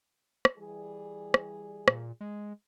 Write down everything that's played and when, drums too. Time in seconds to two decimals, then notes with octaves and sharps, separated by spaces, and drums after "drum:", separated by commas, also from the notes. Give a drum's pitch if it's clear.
0.45 drum: rim click
0.57 E3 G3 G#4
1.34 drum: rim click
1.88 A#2, drum: rim click
2.21 G#3